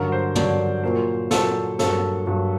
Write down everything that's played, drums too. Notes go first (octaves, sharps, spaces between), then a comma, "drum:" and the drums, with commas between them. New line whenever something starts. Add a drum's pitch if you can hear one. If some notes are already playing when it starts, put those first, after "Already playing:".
Already playing: G2 D3 F#3 A#4
C5
G2 D3 F#3 D5, drum: tom
A#2 F#3 A#3 C5
A#2 F#3 A#3 A4, drum: snare
G2 F#3 A#3 A4, drum: snare
G2 F#3 A#3